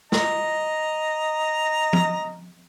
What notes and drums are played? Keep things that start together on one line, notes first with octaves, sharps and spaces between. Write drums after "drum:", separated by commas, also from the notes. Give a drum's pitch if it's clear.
D#5 A#5, drum: snare
drum: tom F3